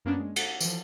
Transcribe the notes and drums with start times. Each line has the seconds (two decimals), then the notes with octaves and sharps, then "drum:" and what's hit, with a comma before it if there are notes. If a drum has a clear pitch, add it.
0.05 F#2 A#3 B3 C#4 D4
0.19 G#3
0.36 F#5, drum: cymbal
0.60 E3 F3, drum: tambourine